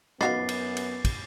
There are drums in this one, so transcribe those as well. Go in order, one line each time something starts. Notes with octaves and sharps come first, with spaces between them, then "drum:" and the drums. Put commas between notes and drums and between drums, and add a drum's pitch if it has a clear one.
F#2 B3 D#4 F#4 F5 D6 A6 C7, drum: rim click
drum: cymbal
drum: cymbal
drum: kick, cymbal